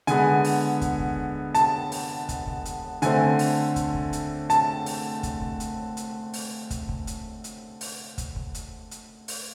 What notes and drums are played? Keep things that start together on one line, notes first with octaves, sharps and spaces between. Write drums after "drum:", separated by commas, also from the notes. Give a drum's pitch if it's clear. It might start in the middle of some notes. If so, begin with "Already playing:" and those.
D3 G#3 B3 G#5, drum: hi-hat
drum: open hi-hat
drum: kick, hi-hat
drum: kick
A5, drum: hi-hat
drum: open hi-hat
drum: kick, hi-hat
drum: kick
drum: hi-hat
D3 A3 C4 G#5, drum: hi-hat
drum: open hi-hat
drum: kick, hi-hat
drum: kick
drum: hi-hat
A5, drum: hi-hat
drum: open hi-hat
drum: kick, hi-hat
drum: kick
drum: hi-hat
drum: hi-hat
drum: open hi-hat
drum: kick, hi-hat
drum: kick
drum: hi-hat
drum: hi-hat
drum: open hi-hat
drum: kick, hi-hat
drum: kick
drum: hi-hat
drum: hi-hat
drum: open hi-hat